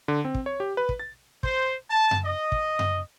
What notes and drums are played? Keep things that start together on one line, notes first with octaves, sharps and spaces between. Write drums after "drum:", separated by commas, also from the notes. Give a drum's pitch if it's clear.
D3
C4
drum: kick
C#5
G4
B4
drum: kick
A6
C5, drum: kick
A5
drum: tom F#2
D#5
drum: kick
drum: tom F#2